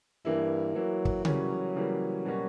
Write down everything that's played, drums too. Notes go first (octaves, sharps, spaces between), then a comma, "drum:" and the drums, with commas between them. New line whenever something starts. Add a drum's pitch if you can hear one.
G2 E3 A#3 E4
E3 F#3 A#3 E4
drum: kick
C#3 E3 F#3 G3 A#3 C#4, drum: tom C#3
C#3 E3 G3 A#3 C#4
B2 G3 A#3 C#4 F#4